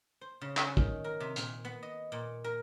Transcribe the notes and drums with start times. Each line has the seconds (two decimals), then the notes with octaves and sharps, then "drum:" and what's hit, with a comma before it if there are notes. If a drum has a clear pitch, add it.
0.21 C5
0.41 C#3
0.57 C#4, drum: clap
0.77 D#3, drum: kick
1.04 A#4
1.20 C3
1.36 A#2, drum: hi-hat
1.65 B3
1.83 D#5
2.12 A#2
2.44 A#4